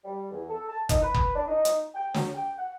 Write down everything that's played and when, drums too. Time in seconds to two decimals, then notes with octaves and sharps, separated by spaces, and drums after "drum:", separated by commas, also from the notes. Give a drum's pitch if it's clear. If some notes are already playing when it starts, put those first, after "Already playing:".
0.05 G3
0.31 E2
0.49 A4
0.69 A5
0.89 D#4, drum: kick F#1, hi-hat
1.02 B4
1.14 drum: kick F#1
1.35 D4
1.48 D#4
1.65 drum: hi-hat
1.95 G5
2.14 F#3, drum: snare
2.35 G5
2.58 F#5